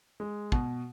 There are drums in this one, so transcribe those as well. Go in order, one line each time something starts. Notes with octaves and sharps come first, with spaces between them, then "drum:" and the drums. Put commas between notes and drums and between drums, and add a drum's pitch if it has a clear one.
G#3
B2, drum: kick